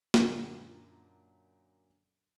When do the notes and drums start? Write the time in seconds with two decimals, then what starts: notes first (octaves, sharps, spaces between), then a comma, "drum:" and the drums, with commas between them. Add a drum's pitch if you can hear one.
0.14 F#2 A#2 D3, drum: snare